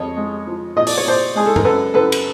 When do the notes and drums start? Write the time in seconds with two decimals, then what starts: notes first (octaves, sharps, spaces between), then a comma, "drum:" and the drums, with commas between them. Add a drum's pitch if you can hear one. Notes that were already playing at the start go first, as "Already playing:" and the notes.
Already playing: F2 G#3 C#5 D#5
0.17 G#3
0.47 F3
0.76 A#2 D#5
0.87 D5, drum: open hi-hat
0.97 C#5
1.06 A#2 C5 D5
1.35 G#3 G#4
1.46 A4
1.56 A#4, drum: tom G2
1.64 F#2 A4 B4
1.94 F#2 A4 B4
2.12 drum: cymbal